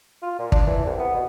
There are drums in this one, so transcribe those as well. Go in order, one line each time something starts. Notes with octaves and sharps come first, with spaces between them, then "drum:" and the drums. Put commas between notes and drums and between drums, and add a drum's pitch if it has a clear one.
F4
A#2
D4, drum: kick
E3
C2
B3
B2